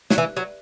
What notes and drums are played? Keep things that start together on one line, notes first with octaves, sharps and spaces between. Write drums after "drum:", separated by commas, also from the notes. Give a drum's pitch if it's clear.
F#3, drum: snare
E3
F#3